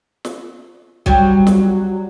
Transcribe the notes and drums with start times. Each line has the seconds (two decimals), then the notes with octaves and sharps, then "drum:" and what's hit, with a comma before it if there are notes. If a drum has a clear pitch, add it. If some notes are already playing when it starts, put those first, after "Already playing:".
0.25 drum: snare
1.06 F#3 G3, drum: kick B1
1.47 drum: snare